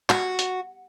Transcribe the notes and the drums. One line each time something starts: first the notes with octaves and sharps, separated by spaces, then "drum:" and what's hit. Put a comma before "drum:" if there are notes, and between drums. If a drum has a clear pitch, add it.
F#4, drum: clap
drum: hi-hat